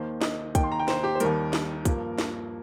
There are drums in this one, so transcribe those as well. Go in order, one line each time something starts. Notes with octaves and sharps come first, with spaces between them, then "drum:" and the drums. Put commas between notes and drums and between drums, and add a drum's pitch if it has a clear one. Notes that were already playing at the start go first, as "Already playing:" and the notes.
Already playing: D#2 D#3 A#3 C5
D#5, drum: snare
D#2 D#3 A#3 G5, drum: kick B1, hi-hat
C6
A#5
G5
C5, drum: snare
G4
C5
D#2 D#3 G3 A#4, drum: hi-hat
drum: snare
G2 F3 A#3, drum: kick B1, hi-hat
A#4, drum: snare